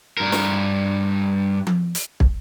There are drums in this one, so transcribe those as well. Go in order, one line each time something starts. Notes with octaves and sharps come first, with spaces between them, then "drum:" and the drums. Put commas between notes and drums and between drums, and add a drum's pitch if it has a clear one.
G2 A#4
drum: snare
drum: tom F3
drum: hi-hat
drum: kick